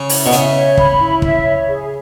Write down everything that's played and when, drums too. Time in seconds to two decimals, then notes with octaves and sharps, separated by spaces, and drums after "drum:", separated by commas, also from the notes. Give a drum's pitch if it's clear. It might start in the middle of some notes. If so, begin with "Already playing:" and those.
Already playing: C#3
0.09 E4, drum: open hi-hat
0.26 B2
0.32 C#3 E5, drum: hi-hat
0.55 C#5
0.77 B5, drum: kick
0.99 E4
1.22 E5, drum: kick
1.44 C#5
1.67 G#4